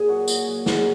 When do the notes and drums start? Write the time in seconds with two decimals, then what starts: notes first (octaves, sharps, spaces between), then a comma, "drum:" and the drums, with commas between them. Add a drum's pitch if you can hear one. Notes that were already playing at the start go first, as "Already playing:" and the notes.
Already playing: A#2 G#4
0.08 F#3 F#4
0.28 A#2, drum: tambourine
0.47 F#3
0.66 C#3, drum: snare